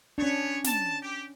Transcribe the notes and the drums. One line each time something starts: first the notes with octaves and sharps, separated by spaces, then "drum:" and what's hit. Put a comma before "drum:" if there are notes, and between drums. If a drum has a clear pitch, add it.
B3 C#4 D4 C#5
A5, drum: snare
G4